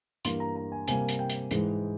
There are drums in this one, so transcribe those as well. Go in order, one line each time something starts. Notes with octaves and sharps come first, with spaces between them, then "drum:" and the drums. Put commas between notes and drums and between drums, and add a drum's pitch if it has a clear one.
G2 E3 A#3 C6, drum: hi-hat
A#5
A#5
G#5
C3 G3 A#3 G#5, drum: hi-hat
drum: hi-hat
G5
drum: hi-hat
G#2 E3 G#3, drum: hi-hat